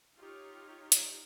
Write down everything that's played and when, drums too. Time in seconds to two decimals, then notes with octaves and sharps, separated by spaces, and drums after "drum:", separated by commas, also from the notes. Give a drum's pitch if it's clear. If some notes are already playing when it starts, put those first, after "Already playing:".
0.15 D#4 F4 G4 C#5
0.92 drum: hi-hat